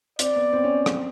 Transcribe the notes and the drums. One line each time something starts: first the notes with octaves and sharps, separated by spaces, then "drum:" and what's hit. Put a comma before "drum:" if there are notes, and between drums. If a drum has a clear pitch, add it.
C4 D5, drum: hi-hat
B3
C4
C#4
C4, drum: rim click